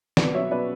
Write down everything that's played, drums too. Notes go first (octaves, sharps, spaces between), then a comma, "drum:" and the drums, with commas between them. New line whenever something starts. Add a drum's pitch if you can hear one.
B2 B4 D5, drum: snare
F#3 C#5 E5
B2 B4 D5